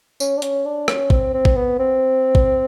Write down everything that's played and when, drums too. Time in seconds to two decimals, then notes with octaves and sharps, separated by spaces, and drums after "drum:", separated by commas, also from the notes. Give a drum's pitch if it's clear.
0.20 C#4, drum: tambourine
0.37 D4
0.42 C#4, drum: hi-hat
0.66 D4
0.88 C#4, drum: rim click
1.10 C4, drum: kick
1.34 C4
1.45 drum: kick
1.56 B3
1.79 C4
2.35 drum: kick